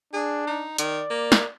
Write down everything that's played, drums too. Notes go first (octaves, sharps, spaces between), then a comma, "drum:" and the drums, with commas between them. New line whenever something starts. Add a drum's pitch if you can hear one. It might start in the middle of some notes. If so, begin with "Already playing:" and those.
D4 G#4
D#4
D#3 D5, drum: hi-hat
A#3
drum: snare